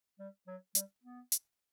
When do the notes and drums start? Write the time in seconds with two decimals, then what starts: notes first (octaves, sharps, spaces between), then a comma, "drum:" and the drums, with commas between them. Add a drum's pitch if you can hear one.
0.19 G3
0.47 F#3
0.75 G3, drum: hi-hat
1.04 B3
1.32 drum: hi-hat